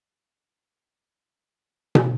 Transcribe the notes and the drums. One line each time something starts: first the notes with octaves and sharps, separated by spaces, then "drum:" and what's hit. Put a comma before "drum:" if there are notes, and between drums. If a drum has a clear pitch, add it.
C#2 C#4
C3
F1
D#2 C#3
G#1 A#3
drum: tom